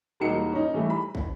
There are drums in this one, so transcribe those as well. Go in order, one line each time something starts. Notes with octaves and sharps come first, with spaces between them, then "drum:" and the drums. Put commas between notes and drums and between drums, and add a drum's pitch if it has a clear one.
E1 G3 A#3 D#4 F#4 C#7
C#4 D#4
E3 G3 A3
B5
drum: kick